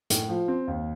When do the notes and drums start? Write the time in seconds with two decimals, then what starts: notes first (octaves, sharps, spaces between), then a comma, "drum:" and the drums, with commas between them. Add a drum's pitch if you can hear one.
0.10 A2, drum: hi-hat
0.29 F3
0.48 C4
0.68 D#2